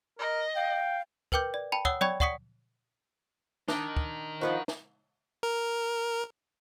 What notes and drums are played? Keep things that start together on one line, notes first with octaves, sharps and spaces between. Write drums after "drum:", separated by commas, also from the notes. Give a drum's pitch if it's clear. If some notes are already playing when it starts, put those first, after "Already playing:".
A#4 D#5
F5 G5
A#4 B4 G5 D6 G6, drum: kick
D5
G5 A5 B5
C#5 F#5 D#6 E6 G7, drum: kick
C#5 D5 G5 B5 C#6 G#6, drum: tom F#3
D5 F#5 C#6 D#6 B6 C#7, drum: kick
D4 D#4 A#4 D#5 G5, drum: snare
drum: kick
D#3 F3 F#4 B4 F#5
drum: snare
A#4